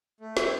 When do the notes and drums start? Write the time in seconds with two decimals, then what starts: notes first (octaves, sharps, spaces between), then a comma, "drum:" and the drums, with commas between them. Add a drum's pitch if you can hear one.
0.20 A3
0.37 C4 E4, drum: snare